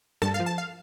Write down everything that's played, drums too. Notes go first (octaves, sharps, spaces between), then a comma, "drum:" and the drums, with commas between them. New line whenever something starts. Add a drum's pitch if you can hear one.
G2 A5, drum: rim click
F5
F3
A5
F5